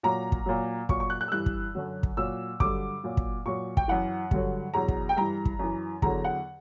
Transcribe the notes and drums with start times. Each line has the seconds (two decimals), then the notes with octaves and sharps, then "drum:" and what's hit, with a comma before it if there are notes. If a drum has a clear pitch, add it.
0.03 A#2 F#3 A#5
0.32 drum: kick
0.46 A#2 F#3
0.89 A#2 F#3 C#6, drum: kick
1.00 C#6
1.10 F#6
1.21 F#6
1.28 E6
1.32 G2 E3 F#6
1.46 drum: kick
1.75 F#2 D3 F#3
2.03 drum: kick
2.17 A#2 F#3 E6
2.60 G2 D3 F#3 D6, drum: kick
3.03 A#2 F#3
3.17 drum: kick
3.46 A#2 F#3 C#6
3.77 G5, drum: kick
3.88 F#2 E3 F#5
4.31 G2 D3 F#3, drum: kick
4.74 E2 B2 F#3 A#5
4.88 drum: kick
5.09 G5
5.17 G2 E3 A#5
5.45 drum: kick
5.59 F#2 E3
6.02 E2 D3 F#3 A#5, drum: kick
6.24 F#5